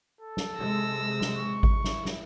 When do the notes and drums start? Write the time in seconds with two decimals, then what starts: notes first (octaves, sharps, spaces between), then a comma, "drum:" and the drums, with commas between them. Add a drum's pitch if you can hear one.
0.21 A4
0.37 drum: snare
0.58 C3 G#3 E6 A#6
1.21 drum: snare
1.37 C#6
1.63 drum: kick G#1
1.84 E4, drum: snare
2.05 drum: snare